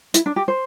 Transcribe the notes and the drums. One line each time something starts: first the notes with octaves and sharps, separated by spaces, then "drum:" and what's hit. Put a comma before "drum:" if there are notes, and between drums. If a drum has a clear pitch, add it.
E4, drum: hi-hat
D4
G4
C5